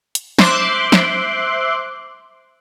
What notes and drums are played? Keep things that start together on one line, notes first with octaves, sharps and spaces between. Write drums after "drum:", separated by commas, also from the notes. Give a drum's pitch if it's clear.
drum: hi-hat
C5 E5 C6 D6 F#6, drum: snare
drum: snare